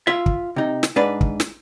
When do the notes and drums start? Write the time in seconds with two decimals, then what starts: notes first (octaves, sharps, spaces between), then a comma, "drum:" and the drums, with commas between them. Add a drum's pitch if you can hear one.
0.07 F4 E5
0.26 drum: kick
0.56 C3 D#4
0.83 drum: snare
0.96 G#2 D4 B4 D5
1.21 drum: kick
1.40 drum: snare